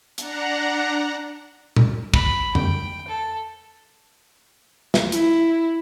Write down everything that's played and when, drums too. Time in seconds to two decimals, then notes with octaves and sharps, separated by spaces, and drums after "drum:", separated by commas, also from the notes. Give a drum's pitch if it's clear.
0.18 D4 F#5 A#5, drum: hi-hat
1.76 drum: tom A#2
2.14 B5, drum: kick
2.55 G5, drum: tom F2
3.08 A4
4.94 drum: snare
5.12 E4, drum: hi-hat